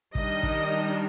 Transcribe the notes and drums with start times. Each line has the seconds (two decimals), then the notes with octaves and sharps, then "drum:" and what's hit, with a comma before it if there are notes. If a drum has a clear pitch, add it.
0.15 D#3 G3 D4 D#5, drum: kick
0.43 drum: kick